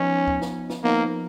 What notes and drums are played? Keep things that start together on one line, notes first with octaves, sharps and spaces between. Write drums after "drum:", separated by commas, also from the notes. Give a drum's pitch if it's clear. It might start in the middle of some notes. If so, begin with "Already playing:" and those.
Already playing: F3 B3 C#4 D#4
drum: kick
drum: snare
drum: snare
F3 A#3 B3 D#4